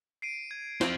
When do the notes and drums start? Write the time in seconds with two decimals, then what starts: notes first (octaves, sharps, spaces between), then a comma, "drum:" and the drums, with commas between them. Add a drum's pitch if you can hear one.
0.22 C7 D7 D#7
0.51 G#6
0.81 F3 C4, drum: snare